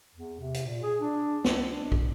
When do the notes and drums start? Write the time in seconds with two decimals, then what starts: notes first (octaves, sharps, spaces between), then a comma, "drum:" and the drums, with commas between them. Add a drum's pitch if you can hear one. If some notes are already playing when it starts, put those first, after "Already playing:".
0.15 E2
0.40 C3
0.54 drum: hi-hat
0.65 A#2
0.83 G#4
1.00 D4
1.44 C#2, drum: snare
1.66 D4
1.92 drum: kick